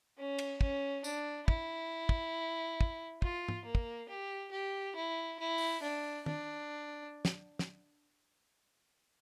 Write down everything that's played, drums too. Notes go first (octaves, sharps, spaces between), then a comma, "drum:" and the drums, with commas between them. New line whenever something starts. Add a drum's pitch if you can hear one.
C#4
drum: cymbal
C#4, drum: kick
D4, drum: tambourine
E4, drum: kick
drum: kick
drum: kick
F4, drum: kick
drum: tom G#2
A#3
drum: kick
G4
G4
E4
E4
drum: open hi-hat
D4
D4, drum: tom
drum: snare
drum: snare